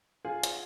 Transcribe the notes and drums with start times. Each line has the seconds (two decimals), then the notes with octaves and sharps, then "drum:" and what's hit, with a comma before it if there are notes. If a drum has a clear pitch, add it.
0.25 F4 G#4
0.43 drum: hi-hat